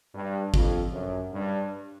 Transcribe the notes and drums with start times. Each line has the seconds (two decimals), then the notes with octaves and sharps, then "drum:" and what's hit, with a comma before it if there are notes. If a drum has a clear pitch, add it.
0.15 G2
0.54 F2, drum: kick
0.93 F#2
1.33 G2